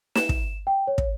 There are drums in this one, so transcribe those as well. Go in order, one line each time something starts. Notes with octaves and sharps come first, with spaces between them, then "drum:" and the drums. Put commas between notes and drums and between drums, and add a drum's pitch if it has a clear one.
E7, drum: snare
drum: kick
G5
C#5
drum: kick